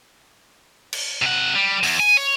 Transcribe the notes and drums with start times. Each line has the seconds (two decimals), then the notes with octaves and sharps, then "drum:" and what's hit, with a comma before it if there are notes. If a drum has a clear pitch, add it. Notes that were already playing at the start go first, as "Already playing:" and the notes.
0.93 drum: cymbal
1.22 C3 F#5
1.56 G3
1.83 E2, drum: open hi-hat
2.00 G#5
2.17 C#5